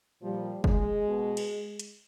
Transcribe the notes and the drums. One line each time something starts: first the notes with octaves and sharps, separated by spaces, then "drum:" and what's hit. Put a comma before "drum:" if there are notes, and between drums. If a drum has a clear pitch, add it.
A#2 F3 G3
G#3, drum: kick
B2
drum: cymbal
drum: hi-hat